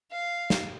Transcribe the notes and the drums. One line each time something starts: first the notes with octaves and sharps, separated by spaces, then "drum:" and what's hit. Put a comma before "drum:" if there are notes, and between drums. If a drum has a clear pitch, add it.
F5
drum: snare